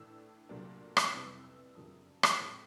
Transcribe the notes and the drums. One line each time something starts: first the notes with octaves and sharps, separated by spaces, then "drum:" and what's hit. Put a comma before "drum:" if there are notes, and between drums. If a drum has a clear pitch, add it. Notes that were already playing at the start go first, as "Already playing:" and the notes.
Already playing: A2 E3 A3 D4 E6
C2 A#2 F#3 A3 D4
drum: rim click
F2 C3 E3 G3 B3 E6
E6
F#2 C#3 F3 A#3 D4 D#6
drum: rim click
A2 F3 G#3 C4